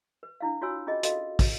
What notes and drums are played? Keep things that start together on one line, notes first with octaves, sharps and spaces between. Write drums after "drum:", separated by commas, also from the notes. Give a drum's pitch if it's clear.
B4
D4 E4 F5
F4 F#4 C#5 G#5 E6
C#4 F4 G#4 D#5
F#4 A4 D#5 F5, drum: hi-hat
drum: kick, open hi-hat